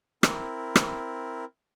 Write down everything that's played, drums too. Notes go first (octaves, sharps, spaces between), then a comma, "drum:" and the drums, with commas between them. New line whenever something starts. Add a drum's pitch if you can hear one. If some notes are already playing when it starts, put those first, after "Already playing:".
C4 E4 A#4, drum: rim click
drum: rim click